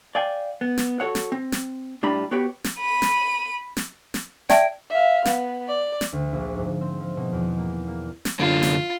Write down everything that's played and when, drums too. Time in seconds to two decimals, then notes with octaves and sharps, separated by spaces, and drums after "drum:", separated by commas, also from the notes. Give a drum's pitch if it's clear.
0.15 D5 F5 G5 G#5
0.61 B3
0.78 drum: snare
1.00 F#4 A4 C#5 F#5
1.15 drum: snare
1.32 C4
1.52 drum: snare
2.03 A2 G3 D4 A#5 B5
2.31 B3 F#4 G4 B4 C#5 G5
2.64 drum: snare
2.80 B5 D#7
3.02 drum: snare
3.77 drum: snare
4.14 drum: snare
4.49 D5 E5 G5 A5, drum: snare
4.90 E5 F5
5.25 B3, drum: snare
5.68 D5
6.01 drum: snare
6.13 D2
6.33 A#1
6.56 G#2
6.81 C4
7.00 F3
7.17 B2
7.33 E2
7.58 A#3
7.88 A#3
8.25 drum: snare
8.39 F#2 D3 F4
8.63 drum: snare